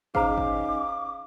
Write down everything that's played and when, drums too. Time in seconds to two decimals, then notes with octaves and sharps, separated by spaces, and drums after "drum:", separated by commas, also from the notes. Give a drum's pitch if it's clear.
0.15 C#4 D#4 G#4 C5 F5 A#5 D6, drum: kick
0.38 drum: kick